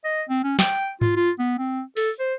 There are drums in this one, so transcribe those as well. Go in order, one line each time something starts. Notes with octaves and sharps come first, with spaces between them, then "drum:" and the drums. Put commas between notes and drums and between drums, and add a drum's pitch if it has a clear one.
D#5
C4
C#4
G5, drum: snare
F4, drum: tom G#2
F4
B3
C4
A4, drum: open hi-hat
C5